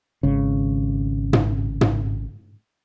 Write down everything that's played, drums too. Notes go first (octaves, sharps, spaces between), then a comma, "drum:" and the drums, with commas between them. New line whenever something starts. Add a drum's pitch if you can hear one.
G#1 C#3
drum: tom
drum: tom